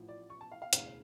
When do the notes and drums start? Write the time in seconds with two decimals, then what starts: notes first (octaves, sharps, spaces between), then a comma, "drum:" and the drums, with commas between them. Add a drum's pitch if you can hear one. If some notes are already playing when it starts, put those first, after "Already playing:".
Already playing: A1 A2 F3
0.08 D5
0.30 C#6
0.41 A5
0.52 F5
0.62 F5
0.73 E1 D2 C#3 E3 F5, drum: hi-hat